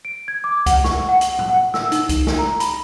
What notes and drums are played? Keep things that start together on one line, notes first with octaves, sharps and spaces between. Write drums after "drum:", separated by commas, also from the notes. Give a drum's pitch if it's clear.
D7
G#6
D6
F#5, drum: kick C2, hi-hat
C#6, drum: snare
F#5
drum: hi-hat
drum: tom A2
F#5
E6, drum: snare
D#4, drum: hi-hat
drum: kick C2, hi-hat
drum: snare
A#5
B5, drum: hi-hat